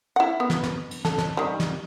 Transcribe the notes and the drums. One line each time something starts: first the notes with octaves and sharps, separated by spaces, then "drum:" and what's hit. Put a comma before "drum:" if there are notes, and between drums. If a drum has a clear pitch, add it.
E4 F#5
B3
drum: snare
drum: snare
drum: cymbal
A4, drum: snare
drum: snare
D#3 G3
drum: snare